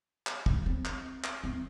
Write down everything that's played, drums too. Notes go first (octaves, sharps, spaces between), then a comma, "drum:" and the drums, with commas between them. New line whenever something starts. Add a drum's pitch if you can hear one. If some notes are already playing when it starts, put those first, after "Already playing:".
drum: clap
drum: kick
C4
drum: clap
drum: clap
C4